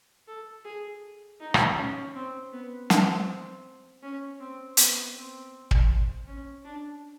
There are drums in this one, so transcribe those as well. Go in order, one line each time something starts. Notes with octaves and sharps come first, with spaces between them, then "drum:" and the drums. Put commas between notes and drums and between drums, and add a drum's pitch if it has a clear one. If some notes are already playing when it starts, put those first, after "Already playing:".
A4
G#4
D#4
drum: rim click
C#4
C4
B3
C4, drum: snare
C#4
C4
B3, drum: hi-hat
C4
drum: kick
C#4
D4